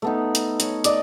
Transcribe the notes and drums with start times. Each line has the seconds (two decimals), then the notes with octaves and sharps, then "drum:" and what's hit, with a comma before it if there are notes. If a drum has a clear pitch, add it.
0.02 A3 B3 D#4
0.35 drum: hi-hat
0.60 C#5, drum: hi-hat
0.84 D5 D#5, drum: hi-hat